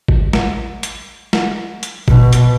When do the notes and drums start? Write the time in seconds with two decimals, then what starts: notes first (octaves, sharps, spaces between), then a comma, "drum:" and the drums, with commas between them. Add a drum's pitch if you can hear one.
0.08 drum: kick G#1
0.33 drum: snare
0.83 drum: hi-hat
1.33 drum: snare
1.83 drum: hi-hat
2.08 B2, drum: kick G#1
2.33 drum: hi-hat